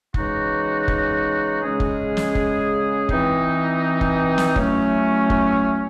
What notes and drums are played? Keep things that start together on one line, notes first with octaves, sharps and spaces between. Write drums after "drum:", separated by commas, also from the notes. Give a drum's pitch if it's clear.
C#3 E3 G#3 D#4 F#4, drum: kick F1
drum: kick F1
C#3 G#3 C#4 G#4
drum: kick F1
drum: snare
drum: kick F1
E3 C4 D#4, drum: kick F1
drum: kick F1
drum: snare
F#3 A3 C#4 E4, drum: kick F1
drum: kick F1